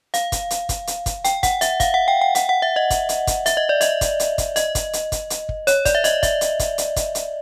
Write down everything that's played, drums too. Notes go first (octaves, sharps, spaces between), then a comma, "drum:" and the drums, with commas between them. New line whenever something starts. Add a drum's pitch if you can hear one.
F5, drum: hi-hat
drum: kick, hi-hat
drum: hi-hat
drum: kick, hi-hat
drum: hi-hat
drum: kick, hi-hat
G5, drum: hi-hat
F#5, drum: kick, hi-hat
E5, drum: hi-hat
F5, drum: kick, hi-hat
F#5
G5
G5
F#5, drum: hi-hat
F#5
E5
D#5
drum: kick, hi-hat
drum: hi-hat
drum: kick, hi-hat
E5, drum: hi-hat
D#5
D5
D#5, drum: hi-hat
drum: kick, hi-hat
drum: hi-hat
drum: kick, hi-hat
D#5, drum: hi-hat
drum: kick, hi-hat
drum: hi-hat
drum: kick, hi-hat
drum: hi-hat
drum: kick
C#5, drum: hi-hat
D5, drum: kick, hi-hat
E5
D#5, drum: hi-hat
E5, drum: kick, hi-hat
drum: hi-hat
drum: kick, hi-hat
drum: hi-hat
drum: kick, hi-hat
drum: hi-hat